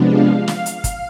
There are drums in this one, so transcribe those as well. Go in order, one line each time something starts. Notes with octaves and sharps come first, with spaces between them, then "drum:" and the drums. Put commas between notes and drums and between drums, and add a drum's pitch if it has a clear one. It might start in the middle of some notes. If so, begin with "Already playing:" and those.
Already playing: C3 F3 G#3 B3 D4
F5
F5, drum: snare
drum: hi-hat
drum: kick, hi-hat